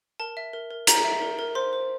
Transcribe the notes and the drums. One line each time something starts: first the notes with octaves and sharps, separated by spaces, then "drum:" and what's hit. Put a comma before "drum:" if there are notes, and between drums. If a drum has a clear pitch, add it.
A#4 A5
E5
A#4
A#4
A#4 A#5, drum: hi-hat
E5
A#4
A#4
C5 C6
C5